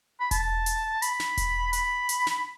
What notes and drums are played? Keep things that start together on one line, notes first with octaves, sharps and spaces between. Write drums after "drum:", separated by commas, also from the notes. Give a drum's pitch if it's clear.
B5
A5, drum: kick E1, hi-hat
drum: hi-hat
B5, drum: hi-hat
drum: snare
drum: kick E1, hi-hat
B5, drum: hi-hat
drum: hi-hat
drum: snare